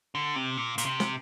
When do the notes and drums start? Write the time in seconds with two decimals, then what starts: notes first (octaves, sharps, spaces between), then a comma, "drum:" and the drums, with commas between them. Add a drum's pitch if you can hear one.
0.15 D3
0.36 C3
0.57 A#2
0.78 A#2, drum: hi-hat
0.85 C3
1.00 drum: snare